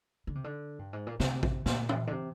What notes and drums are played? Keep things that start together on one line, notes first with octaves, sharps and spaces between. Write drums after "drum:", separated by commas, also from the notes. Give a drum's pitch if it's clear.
D3
C3
D3
G2
G#2
A#2
C3, drum: snare
drum: kick A1
A#2, drum: snare
drum: tom
D3
C3